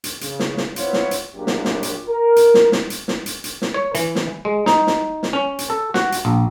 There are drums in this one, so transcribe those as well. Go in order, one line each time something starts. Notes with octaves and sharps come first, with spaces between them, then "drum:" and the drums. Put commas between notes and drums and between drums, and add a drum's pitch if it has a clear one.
drum: hi-hat
C#3, drum: hi-hat
drum: snare
drum: snare
B3 C4 E4 F4 B4 C#5, drum: hi-hat
drum: snare
drum: hi-hat
A#1 F#2 G4
drum: snare
drum: snare
drum: hi-hat
A#4
drum: hi-hat
drum: snare
drum: snare
drum: hi-hat
drum: snare
drum: hi-hat
drum: hi-hat
drum: snare
C#5
E3, drum: hi-hat
drum: snare
G#3
D#4, drum: snare
drum: snare
drum: snare
C#4
drum: hi-hat
A4
F#4, drum: snare
drum: hi-hat
A#1